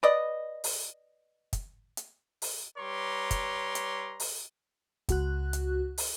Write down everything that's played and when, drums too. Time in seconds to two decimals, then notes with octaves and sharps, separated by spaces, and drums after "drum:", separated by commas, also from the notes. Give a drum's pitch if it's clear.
0.03 B4 D5 D#5
0.64 drum: open hi-hat
1.53 drum: kick, hi-hat
1.97 drum: hi-hat
2.42 drum: open hi-hat
2.78 G3 B4 C#5 A#5 C6 D6
3.31 drum: kick, hi-hat
3.75 drum: hi-hat
4.20 drum: open hi-hat
5.09 C#2 F#4 F#6, drum: kick, hi-hat
5.53 drum: hi-hat
5.98 drum: open hi-hat